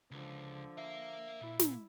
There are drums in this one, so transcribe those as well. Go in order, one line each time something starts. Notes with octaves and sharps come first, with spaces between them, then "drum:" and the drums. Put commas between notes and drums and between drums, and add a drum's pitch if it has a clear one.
C#2 D3 F3
A#4 E5 F5
A#2 E4
drum: snare